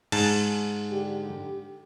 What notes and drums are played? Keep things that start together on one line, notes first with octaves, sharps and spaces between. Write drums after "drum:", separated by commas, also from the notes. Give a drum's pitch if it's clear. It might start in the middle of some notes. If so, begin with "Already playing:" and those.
G#2 A5, drum: cymbal
D3 G4